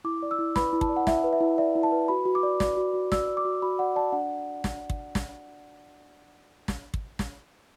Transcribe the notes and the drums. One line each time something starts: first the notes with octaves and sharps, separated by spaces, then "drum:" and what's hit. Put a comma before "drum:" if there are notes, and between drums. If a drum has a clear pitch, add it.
E4 D6
D5
E6
E4
B4 B5, drum: snare
E4
A5, drum: kick
D5
F#5
E4 E5, drum: snare
B4
E5
E4
D5 E5
E4
A5
B4
F#4 B5
F#4
D6
D5
D5, drum: snare
F#4
F#4
D5 E6, drum: snare
D5
D6
F#4
F#4 B5
D5 F#5
D5 A5
D4 F#5
drum: snare
drum: kick
drum: snare
drum: snare
drum: kick
drum: snare